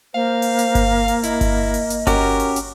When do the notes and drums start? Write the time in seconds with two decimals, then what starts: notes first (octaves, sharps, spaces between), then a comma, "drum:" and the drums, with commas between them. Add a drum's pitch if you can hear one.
0.15 A#3 C5 F5
0.42 drum: open hi-hat
0.59 drum: hi-hat
0.75 drum: kick G1, open hi-hat
1.08 drum: open hi-hat
1.23 E4 D#5, drum: hi-hat
1.41 drum: kick G1, open hi-hat
1.74 drum: open hi-hat
1.90 drum: hi-hat
2.07 C#4 F#4 G4 A#4, drum: kick G1, open hi-hat
2.40 drum: open hi-hat
2.56 drum: hi-hat